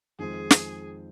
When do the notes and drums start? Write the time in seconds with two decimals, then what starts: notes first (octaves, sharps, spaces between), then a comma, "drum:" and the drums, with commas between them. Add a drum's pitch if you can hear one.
0.19 F2 D#3 G#3 C4 F4 G#4
0.51 drum: snare